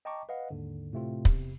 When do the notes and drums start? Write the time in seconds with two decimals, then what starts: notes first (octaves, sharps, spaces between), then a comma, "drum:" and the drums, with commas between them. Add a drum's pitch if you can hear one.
0.05 D#5 G5 A5 A#5 C#6 D6
0.29 B4 D#5 F5 F#5
0.50 D#2 G#2 D3
0.93 A2 C3 A3 C4 F4
1.25 E2 C3, drum: kick